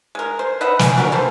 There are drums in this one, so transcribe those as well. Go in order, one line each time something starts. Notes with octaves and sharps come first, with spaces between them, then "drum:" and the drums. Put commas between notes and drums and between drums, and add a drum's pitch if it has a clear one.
G#3 A#4
C5
B4 D#5 E5 F#5
G#5, drum: snare
D4 F#4 G4 A#4
E3 A#3 A4 C5